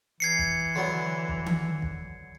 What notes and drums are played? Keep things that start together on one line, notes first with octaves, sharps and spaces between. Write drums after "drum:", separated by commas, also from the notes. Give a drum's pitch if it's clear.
E3 G#6 C7 C#7
drum: kick
D3 F#3 B3
drum: kick
drum: tom D#3
drum: kick